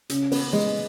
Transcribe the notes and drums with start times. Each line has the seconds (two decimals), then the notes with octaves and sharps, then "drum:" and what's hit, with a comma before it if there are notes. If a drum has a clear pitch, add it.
0.09 C#3, drum: hi-hat
0.32 B3, drum: open hi-hat
0.53 G#3